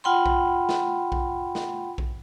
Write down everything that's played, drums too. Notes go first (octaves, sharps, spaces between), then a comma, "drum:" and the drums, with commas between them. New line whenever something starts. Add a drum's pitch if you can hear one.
F4 F#5 G5 B5 C6
drum: kick A#1
drum: snare
drum: kick A#1
drum: snare
drum: kick A#1